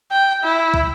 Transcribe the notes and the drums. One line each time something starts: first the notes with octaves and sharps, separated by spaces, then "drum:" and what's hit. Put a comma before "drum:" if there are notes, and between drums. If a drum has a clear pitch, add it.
G5
E4
drum: kick